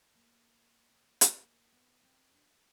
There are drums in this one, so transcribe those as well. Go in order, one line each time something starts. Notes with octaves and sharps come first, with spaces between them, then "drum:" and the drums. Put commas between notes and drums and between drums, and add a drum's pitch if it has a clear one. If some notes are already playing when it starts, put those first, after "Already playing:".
A#3
drum: hi-hat
A#3
B3
C4
D4